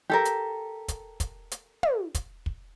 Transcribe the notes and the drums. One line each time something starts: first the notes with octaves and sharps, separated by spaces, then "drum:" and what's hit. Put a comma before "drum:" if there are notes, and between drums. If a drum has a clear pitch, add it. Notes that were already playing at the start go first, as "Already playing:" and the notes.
G4 A4 A#4
drum: hi-hat
drum: kick, hi-hat
drum: kick, hi-hat
drum: hi-hat
drum: tom
drum: kick, hi-hat
drum: kick